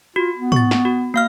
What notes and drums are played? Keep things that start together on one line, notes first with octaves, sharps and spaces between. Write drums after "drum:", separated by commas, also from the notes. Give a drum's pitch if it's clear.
F4 F#4
B3
C#6 A6, drum: tom
drum: snare
F#4
A#3 F5 F6